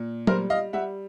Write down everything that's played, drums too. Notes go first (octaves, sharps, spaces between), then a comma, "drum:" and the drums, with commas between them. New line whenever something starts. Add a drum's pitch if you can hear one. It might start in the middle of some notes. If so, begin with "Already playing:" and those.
Already playing: A#2
G3 A#4 C5, drum: tom F#3
D#5 F5
G3 E5 F#5